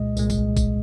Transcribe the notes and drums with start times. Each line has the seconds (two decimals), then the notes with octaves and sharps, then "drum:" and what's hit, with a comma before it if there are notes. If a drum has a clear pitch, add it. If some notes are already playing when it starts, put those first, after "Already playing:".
Already playing: C2 A#2 G#3 D#5
0.17 C2 A#2 G#3, drum: tambourine
0.30 drum: kick G#1, tambourine
0.57 drum: kick G#1, tambourine